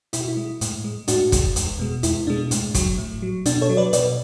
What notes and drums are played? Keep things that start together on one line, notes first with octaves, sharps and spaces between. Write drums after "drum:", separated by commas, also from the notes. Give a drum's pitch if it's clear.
B2 E4, drum: hi-hat
F#4
E4
G#3
A2, drum: hi-hat
G#3
A2 D4 F#4, drum: hi-hat
G#3, drum: kick, hi-hat
E2, drum: hi-hat
B2 G#3
E2 E4, drum: hi-hat
B2 G#3 D4
A2, drum: hi-hat
F#3, drum: kick, hi-hat
A2
F#3
B2 D4, drum: hi-hat
A4 C#5
F#3
B4 D5
B2 B4 D5, drum: hi-hat